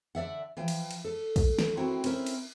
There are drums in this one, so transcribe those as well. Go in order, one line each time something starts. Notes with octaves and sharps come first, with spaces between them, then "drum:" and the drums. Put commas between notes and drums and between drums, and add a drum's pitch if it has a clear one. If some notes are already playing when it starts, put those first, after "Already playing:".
D3 D5 E5 F#5
E3 F3 G5
drum: cymbal
drum: cymbal
A4
drum: kick, cymbal
drum: snare
C4 E4 F#4 A#4 G5
C4 C#4 E4 A#4 C5, drum: cymbal
drum: cymbal